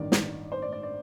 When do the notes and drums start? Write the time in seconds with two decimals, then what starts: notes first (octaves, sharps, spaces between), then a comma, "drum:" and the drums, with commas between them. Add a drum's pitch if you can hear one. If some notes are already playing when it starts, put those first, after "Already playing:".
Already playing: A1 G2 D#3 D5
0.12 drum: snare
0.52 C5
0.62 D5
0.72 D5
0.83 D5